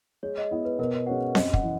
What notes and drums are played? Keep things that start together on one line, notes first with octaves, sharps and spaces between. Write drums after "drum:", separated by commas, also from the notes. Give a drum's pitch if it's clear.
G#3 C#5
D#5
B3 E4
B4
B2 A#4
G#3 C#4 F#4 F#5
F#2 D#5, drum: snare C4
F#5, drum: kick
E3